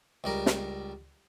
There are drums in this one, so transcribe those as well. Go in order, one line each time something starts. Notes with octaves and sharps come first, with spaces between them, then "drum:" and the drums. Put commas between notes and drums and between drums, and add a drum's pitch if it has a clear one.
C#2 G3 A#4
drum: snare